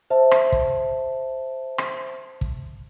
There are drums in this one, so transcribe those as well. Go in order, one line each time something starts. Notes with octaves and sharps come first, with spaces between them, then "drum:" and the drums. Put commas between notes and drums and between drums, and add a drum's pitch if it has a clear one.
C5 E5 A5
drum: rim click
drum: kick
drum: rim click
drum: kick